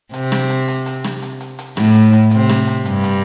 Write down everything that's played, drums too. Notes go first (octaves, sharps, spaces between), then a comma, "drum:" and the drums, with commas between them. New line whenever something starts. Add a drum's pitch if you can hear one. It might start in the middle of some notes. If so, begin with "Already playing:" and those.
C3, drum: hi-hat
drum: rim click
drum: hi-hat
drum: hi-hat
drum: hi-hat
drum: rim click
drum: hi-hat
drum: hi-hat
drum: hi-hat
A2, drum: rim click
drum: hi-hat
drum: hi-hat
C3, drum: hi-hat
drum: rim click
drum: hi-hat
G2, drum: hi-hat
drum: hi-hat